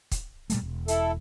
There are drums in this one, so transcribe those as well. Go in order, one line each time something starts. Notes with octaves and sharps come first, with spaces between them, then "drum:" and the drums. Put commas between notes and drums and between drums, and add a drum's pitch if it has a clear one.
drum: kick, hi-hat
A#2 G3 A3, drum: hi-hat
E1
E4 A4, drum: hi-hat